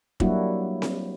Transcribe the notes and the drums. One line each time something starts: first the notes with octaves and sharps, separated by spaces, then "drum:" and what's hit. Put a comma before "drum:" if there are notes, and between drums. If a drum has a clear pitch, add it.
F#3 G3 A#3 D4 E4 F#4, drum: kick
drum: snare C4